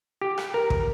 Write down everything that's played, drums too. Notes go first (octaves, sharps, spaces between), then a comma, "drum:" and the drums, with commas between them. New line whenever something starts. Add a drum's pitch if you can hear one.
G4
drum: rim click
A#4
drum: kick